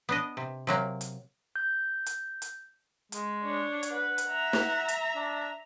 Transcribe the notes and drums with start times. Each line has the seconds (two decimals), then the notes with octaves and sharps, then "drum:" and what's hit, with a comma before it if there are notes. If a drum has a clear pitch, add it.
0.09 B3 D4 D#5
0.37 C3
0.67 C3 F#3 A#3
1.01 drum: hi-hat
1.56 G6
2.06 drum: hi-hat
2.42 drum: hi-hat
3.12 G#3, drum: hi-hat
3.44 D4 C#5
3.83 drum: hi-hat
3.93 B4 F#5
4.18 drum: hi-hat
4.30 E5 A#5
4.53 drum: snare
4.88 drum: hi-hat
5.15 D4